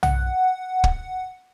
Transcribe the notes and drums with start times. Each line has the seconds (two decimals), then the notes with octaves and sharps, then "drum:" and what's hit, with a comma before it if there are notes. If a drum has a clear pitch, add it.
0.03 F#5, drum: tom
0.84 drum: kick